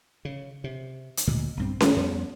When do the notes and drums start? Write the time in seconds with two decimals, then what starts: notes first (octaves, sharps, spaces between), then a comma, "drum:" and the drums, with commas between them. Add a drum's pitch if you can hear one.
0.25 C#3
0.64 C3
1.17 drum: hi-hat
1.27 D2 A#2 C#3 G#3
1.57 B1 G2 C4
1.80 A2 D#3 G#3, drum: snare C#4
1.96 F2 F3 G3 B3